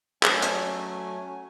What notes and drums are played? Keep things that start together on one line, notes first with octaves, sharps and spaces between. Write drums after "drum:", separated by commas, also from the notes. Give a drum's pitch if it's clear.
F#3 A3 C#4 G#5, drum: clap
drum: hi-hat